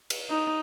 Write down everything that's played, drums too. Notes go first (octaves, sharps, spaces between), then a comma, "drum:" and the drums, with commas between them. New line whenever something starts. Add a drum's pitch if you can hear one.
drum: cymbal
D#4